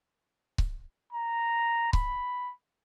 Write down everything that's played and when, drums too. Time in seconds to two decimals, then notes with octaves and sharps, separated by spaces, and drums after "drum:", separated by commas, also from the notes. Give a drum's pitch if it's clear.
0.58 drum: kick C#1
1.13 A#5
1.93 B5, drum: kick C#1